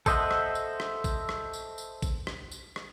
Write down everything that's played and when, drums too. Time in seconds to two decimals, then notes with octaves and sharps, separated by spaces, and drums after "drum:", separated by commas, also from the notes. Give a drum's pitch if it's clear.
0.06 A4 C5 D#5 E5 F#5, drum: kick A1, tambourine
0.31 drum: rim click
0.55 drum: tambourine
0.80 drum: rim click
1.04 drum: kick A1, tambourine
1.29 drum: rim click
1.53 drum: tambourine
1.78 drum: tambourine
2.02 drum: kick A1, tambourine
2.27 drum: rim click
2.52 drum: tambourine
2.76 drum: rim click